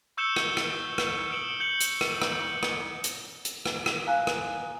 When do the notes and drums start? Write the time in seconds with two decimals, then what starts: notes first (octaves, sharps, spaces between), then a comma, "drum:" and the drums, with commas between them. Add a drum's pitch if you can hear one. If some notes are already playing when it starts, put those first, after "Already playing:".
0.17 C#6 E6 G6 C#7 E7 G7
0.36 drum: rim click
0.57 drum: rim click
0.98 drum: rim click
1.30 D#6 C#7 D7 E7 F#7 G7
1.60 G6 C#7 F#7
1.80 drum: hi-hat
2.01 drum: rim click
2.22 drum: rim click
2.63 drum: rim click
3.04 drum: hi-hat
3.45 drum: hi-hat
3.66 drum: rim click
3.86 drum: rim click
4.07 F5 G#5 A#5 F#6
4.27 drum: rim click